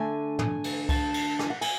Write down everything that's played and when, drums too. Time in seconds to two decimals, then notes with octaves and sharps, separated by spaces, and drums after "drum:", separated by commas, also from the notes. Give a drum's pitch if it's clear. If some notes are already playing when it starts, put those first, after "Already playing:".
Already playing: D3 A3 D4 G#5
0.39 G#5, drum: tom
0.64 drum: cymbal
0.89 A5, drum: kick C2, cymbal
1.14 drum: cymbal
1.39 G#5, drum: rim click
1.50 F#5
1.61 G#5, drum: cymbal